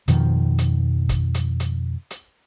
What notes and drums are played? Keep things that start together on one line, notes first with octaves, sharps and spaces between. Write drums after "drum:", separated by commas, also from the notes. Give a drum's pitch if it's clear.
F2 B2 D#3 F3, drum: hi-hat
drum: hi-hat
drum: kick, hi-hat
drum: hi-hat
drum: hi-hat
drum: hi-hat